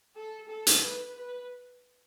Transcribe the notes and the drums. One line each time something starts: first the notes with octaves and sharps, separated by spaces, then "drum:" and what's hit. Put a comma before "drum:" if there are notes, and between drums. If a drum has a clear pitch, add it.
A4
A4
drum: hi-hat
B4
B4